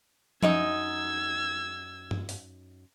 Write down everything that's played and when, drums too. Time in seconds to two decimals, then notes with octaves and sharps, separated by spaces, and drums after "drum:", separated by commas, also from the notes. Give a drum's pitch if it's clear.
0.43 F#2 D#4 D#5 E6 G#6, drum: tom F3
2.11 drum: tom G2
2.29 drum: open hi-hat